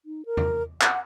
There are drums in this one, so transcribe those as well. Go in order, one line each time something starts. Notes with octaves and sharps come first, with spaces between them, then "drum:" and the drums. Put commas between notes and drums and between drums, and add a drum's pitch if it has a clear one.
D#4
A#4
drum: tom E2
F#5, drum: clap